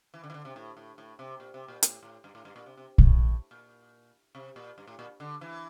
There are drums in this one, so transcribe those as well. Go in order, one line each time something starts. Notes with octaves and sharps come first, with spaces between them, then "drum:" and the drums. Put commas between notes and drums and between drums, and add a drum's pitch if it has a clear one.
E3
D3
E3
D3
C3
A2
A2
A2
C3
A#2
C3
A#2
A2, drum: hi-hat
A2
G2
A2
G2
A#2
C3
C3
A2, drum: kick A#1
A#2
C3
A#2
G2
A2
A#2
D3
E3